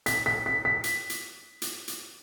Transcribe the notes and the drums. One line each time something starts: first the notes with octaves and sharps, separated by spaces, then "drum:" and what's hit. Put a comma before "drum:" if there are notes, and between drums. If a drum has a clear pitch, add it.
B6, drum: hi-hat
B6
B6
B6
drum: hi-hat
drum: hi-hat
drum: hi-hat
drum: hi-hat